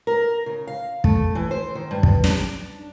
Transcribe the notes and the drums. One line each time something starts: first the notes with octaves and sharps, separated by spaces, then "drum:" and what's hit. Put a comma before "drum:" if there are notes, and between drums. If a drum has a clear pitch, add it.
A#4
C#3
F5
A3, drum: kick
E3
C5
D#3
G2
drum: kick
D4, drum: snare